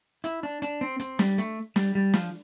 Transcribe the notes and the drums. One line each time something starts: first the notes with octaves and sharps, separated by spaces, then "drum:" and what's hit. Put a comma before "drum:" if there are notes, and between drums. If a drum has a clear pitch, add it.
E4, drum: hi-hat
D4
D4, drum: hi-hat
C4
C4, drum: hi-hat
G3, drum: snare
A3, drum: hi-hat
G3, drum: snare
G3
F3, drum: snare